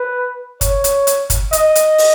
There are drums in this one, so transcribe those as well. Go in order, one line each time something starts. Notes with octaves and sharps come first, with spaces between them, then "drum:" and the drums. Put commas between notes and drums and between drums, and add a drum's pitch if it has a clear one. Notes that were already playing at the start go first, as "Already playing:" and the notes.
Already playing: B4
C#5, drum: kick, hi-hat
drum: hi-hat
drum: hi-hat
drum: kick, hi-hat
D#5, drum: hi-hat
drum: hi-hat
drum: open hi-hat